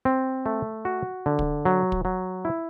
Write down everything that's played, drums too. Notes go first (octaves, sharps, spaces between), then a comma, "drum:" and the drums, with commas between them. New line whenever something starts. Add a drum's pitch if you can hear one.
C4
A3
F#4
D3
drum: kick
F#3
drum: kick
F#3
E4